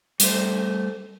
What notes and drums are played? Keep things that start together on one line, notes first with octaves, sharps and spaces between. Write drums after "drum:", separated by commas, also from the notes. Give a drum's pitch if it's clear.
G3 A3 C5, drum: hi-hat